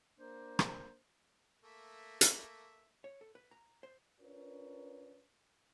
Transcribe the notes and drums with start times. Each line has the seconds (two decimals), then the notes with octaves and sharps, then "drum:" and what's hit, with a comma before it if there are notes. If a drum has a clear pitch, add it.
0.17 A#3 D4 C5
0.59 drum: rim click
1.64 A3 A#3 E5
2.21 drum: hi-hat
3.04 C#5
3.21 A4
3.35 B4
3.51 A#5
3.83 C5
4.20 C#4 D4 F4 A#4 B4 C#5